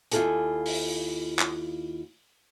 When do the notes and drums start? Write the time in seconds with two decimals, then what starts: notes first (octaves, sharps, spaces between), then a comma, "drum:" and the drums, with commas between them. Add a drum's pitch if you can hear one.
0.12 D#2 E4 F4 A4 F#5 G#5, drum: hi-hat
0.66 drum: open hi-hat
1.39 drum: clap